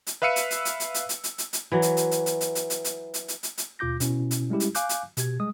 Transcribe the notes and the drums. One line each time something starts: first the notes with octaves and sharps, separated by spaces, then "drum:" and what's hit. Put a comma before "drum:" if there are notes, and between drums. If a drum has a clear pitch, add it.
drum: hi-hat
B4 E5 F5 E6 C#7 D#7
drum: hi-hat
drum: hi-hat
drum: hi-hat
drum: hi-hat
drum: hi-hat
drum: hi-hat
drum: hi-hat
drum: hi-hat
drum: hi-hat
E3 F#3
drum: hi-hat
drum: hi-hat
drum: hi-hat
drum: hi-hat
drum: hi-hat
drum: hi-hat
drum: hi-hat
drum: hi-hat
drum: hi-hat
drum: hi-hat
drum: hi-hat
drum: hi-hat
D#2 B2 F4 D6 G6 A#6
B2 C#4 E4, drum: hi-hat
drum: hi-hat
G3 G#3 C#4 E4 G4
drum: hi-hat
F5 G#5 D6 F#6 G6, drum: hi-hat
drum: hi-hat
B2 G4 G#6, drum: hi-hat
G3 G#3 D#6